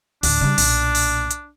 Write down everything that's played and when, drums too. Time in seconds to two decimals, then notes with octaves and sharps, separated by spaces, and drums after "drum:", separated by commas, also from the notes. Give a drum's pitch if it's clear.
0.23 D2 A2 D4, drum: open hi-hat
0.41 C#3 G3
0.58 B1 A#2, drum: open hi-hat
0.95 drum: open hi-hat
1.31 drum: hi-hat